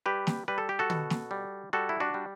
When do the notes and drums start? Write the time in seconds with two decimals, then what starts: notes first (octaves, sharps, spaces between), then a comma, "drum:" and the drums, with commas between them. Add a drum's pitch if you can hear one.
0.06 G3 G4 B4
0.27 drum: snare
0.48 G3 B4
0.58 A4
0.69 G4
0.79 F#4 A4
0.90 B2, drum: tom
1.10 drum: snare
1.31 G3
1.73 G3 F#4 A4
1.89 E4
2.00 D4 F#4
2.14 G3